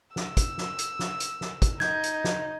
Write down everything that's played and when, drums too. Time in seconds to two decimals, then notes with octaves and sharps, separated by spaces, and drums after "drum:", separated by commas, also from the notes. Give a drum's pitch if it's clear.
0.16 E6, drum: snare
0.37 drum: kick, hi-hat
0.58 drum: snare
0.79 drum: hi-hat
0.99 drum: snare
1.20 drum: hi-hat
1.41 drum: snare
1.62 drum: kick, hi-hat
1.80 D#4 D#5 G6 G#6, drum: snare
2.03 drum: hi-hat
2.24 drum: snare